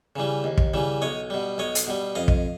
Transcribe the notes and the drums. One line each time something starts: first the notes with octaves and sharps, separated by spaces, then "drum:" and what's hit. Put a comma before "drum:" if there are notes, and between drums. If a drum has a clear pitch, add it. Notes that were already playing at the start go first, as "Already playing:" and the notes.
C#3 E3 G3
D#2
drum: kick
C#3 E3 G3
B1 C#5 D#5
B2 G3
B1 C#5 D#5
drum: hi-hat
B2 G3
F2 D#5 F5
drum: kick